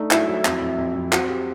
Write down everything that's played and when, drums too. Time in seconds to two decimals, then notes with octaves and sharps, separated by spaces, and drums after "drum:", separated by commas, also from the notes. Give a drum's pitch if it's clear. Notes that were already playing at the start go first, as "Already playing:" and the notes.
Already playing: A3 D4 D#4
0.11 F#3 E4, drum: clap
0.27 F#3
0.45 F2, drum: clap
0.61 F2
0.78 F2
0.95 F2
1.12 C4 F#4, drum: clap
1.29 G4